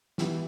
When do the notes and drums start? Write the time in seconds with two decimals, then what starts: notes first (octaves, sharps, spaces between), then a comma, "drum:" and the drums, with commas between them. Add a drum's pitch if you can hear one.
0.18 E3 B3 E4 G4, drum: snare